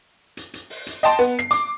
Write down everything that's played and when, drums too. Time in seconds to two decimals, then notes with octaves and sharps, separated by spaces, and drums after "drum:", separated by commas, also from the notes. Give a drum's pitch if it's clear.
0.37 drum: hi-hat
0.54 drum: hi-hat
0.70 drum: open hi-hat
0.87 drum: hi-hat
1.03 D#5 G5 A5 C6, drum: hi-hat
1.19 B3, drum: hi-hat
1.39 C7, drum: rim click
1.51 D6, drum: hi-hat